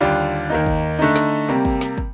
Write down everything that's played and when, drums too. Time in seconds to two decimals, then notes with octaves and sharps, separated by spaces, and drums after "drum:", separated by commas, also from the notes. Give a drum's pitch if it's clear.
0.01 D#2 D3 G3 D4 F4
0.50 D#2 D#3 A#3 D#4
0.66 drum: kick
0.99 D3 A3 D#4
1.16 drum: snare
1.48 C3 G3 A#3
1.65 drum: kick
1.81 drum: snare
1.98 drum: kick